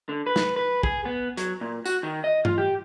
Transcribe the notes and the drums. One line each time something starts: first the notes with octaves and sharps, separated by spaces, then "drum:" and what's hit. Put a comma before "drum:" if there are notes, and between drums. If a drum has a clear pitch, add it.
D3
B4
drum: snare
B4
G#4, drum: kick
B3
F#3, drum: hi-hat
A#2
F#4, drum: tambourine
D#3
D#5
F4, drum: tom G2
G4